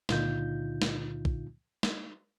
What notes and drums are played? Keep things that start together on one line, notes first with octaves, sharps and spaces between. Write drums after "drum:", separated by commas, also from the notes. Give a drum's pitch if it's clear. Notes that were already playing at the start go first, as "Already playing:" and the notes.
C#2 A#2 D3 D#4 F4 G6, drum: snare
drum: snare
drum: kick
drum: snare